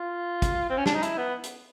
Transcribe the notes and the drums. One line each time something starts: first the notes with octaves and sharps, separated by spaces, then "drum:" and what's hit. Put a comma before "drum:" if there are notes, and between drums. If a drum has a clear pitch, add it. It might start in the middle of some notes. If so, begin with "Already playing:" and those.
Already playing: F4
drum: kick, hi-hat
C4
C#4
D4, drum: snare
D#4
E4, drum: hi-hat
B3
drum: hi-hat